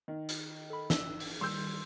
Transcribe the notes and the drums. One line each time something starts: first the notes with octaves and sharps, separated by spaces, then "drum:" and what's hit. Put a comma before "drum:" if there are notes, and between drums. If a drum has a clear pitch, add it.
D#3
drum: hi-hat
A4 B5
E6, drum: snare
drum: open hi-hat
D#3 G3 C6 E6 G6